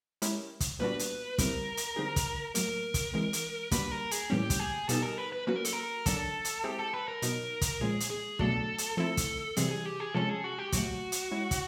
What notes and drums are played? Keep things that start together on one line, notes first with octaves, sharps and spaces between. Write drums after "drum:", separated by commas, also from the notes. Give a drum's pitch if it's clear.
G#3 C#4 E4 G4 A#4, drum: hi-hat
drum: kick, hi-hat
A#2 G3 B3 D4 F#4 B4
drum: hi-hat
G3 C4 E4 A#4, drum: kick, hi-hat
drum: hi-hat
D3 G3 C4 D#4 G#4
drum: kick, hi-hat
A2 F#3 A#3 A#4, drum: hi-hat
drum: kick, hi-hat
E3 G#3 C4
drum: hi-hat
A#2 G3 A#3 D4 F#4 B4, drum: kick, hi-hat
A#4
G#4, drum: hi-hat
A2 E3 G3 A#3 C#4 G4
drum: kick, hi-hat
G#4
B2 G3 B3 D#4 A4, drum: hi-hat
A#4
B4
B4
F#3 A#3 C#4 F#4 B4
A#4
A4, drum: hi-hat
A#4
F#3 A#3 D4 A4, drum: kick, hi-hat
drum: hi-hat
G#3 C4 E4 G4 G#4
A4
B4
A#4
B2 F#3 B3 D#4, drum: hi-hat
drum: kick, hi-hat
A#2 F3 G#3 C#4 G#4
drum: hi-hat
G#4
B2 F#3 A3 D4 F#4 A4, drum: kick
drum: hi-hat
F3 A3 C4 E4 A4
drum: kick, hi-hat
C3 E3 G3 C4 G#4, drum: hi-hat
G#4
G4
G#4
C3 F3 G#3 C#4 A4
G#4
F#4
G4
A#2 F#3 A3 F#4, drum: kick, hi-hat
drum: hi-hat
G#3 C#4 E4
drum: kick, hi-hat